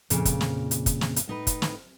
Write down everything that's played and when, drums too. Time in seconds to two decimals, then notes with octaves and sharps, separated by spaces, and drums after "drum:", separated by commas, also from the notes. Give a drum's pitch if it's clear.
0.10 F2 A#2 C#3, drum: hi-hat
0.25 drum: kick, hi-hat
0.41 drum: snare
0.71 drum: hi-hat
0.86 drum: kick, hi-hat
1.01 drum: snare
1.16 drum: hi-hat
1.28 A2 D#4 B4
1.47 drum: kick, hi-hat
1.62 drum: snare